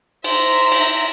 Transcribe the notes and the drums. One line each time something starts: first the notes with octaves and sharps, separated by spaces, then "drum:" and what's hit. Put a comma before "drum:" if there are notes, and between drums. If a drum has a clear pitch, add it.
C5 E5 A#5, drum: cymbal
drum: cymbal